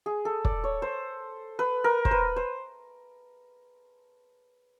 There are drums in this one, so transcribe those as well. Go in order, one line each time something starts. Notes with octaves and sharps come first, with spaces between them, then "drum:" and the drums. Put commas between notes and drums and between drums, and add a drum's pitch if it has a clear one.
G#4
A4
D5, drum: kick
C#5
C5
B4
A#4
C5, drum: kick
B4
C5